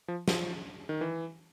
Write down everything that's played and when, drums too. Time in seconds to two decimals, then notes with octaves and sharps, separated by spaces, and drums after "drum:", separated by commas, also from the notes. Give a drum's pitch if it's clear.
0.08 F3
0.28 F3, drum: snare
0.89 D#3
1.01 E3